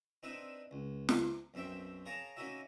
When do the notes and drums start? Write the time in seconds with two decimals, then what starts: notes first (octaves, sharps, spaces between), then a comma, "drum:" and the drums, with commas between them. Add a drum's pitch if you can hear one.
0.23 C4 D4 D#4 B4 E5
0.71 C#2
1.09 drum: snare
1.54 B1 F#2 C4 E5 G5
2.06 G#4 A#4 C#5 F5 A5 A#5
2.37 A#3 C#4 D#4 F#4 E5